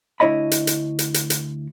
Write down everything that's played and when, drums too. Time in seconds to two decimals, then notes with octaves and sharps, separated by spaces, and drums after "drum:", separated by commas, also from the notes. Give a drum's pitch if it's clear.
0.20 D2 D4 E4 C#5 D#5 B5
0.51 drum: hi-hat
0.67 drum: hi-hat
0.99 drum: hi-hat
1.14 drum: hi-hat
1.30 drum: hi-hat